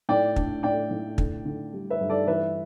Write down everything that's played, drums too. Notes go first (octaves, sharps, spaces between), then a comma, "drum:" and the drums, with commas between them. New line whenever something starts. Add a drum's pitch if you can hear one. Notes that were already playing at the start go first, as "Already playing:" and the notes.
A2 D5 G5
D4, drum: kick
A2 D5 G5
A2
D3, drum: kick
D3
G3
B4 E5
G2
A4 D5
E3 B4 E5